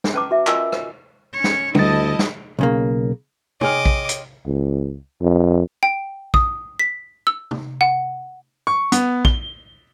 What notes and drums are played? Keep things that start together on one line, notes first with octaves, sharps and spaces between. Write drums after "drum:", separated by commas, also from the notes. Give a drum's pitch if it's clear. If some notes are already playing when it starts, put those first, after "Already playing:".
drum: snare
C#4 B4 A5 A#5 D6
F#4 E5
F4 A#4 D#5 G#5 E6, drum: clap
drum: rim click
C#4 C#5
drum: snare
D2 D3 G3 E4 D#5 A5 A6, drum: tom
drum: snare
B1 C#3 A#3
G#4 C#5 D#5 G5 G#5 C6 D6 F6, drum: tom
drum: kick A#1
drum: hi-hat
C#2
F2
G5
D#6, drum: kick A#1
B6
E6
drum: tom
F#5
C#6
B3, drum: hi-hat
G7, drum: kick A#1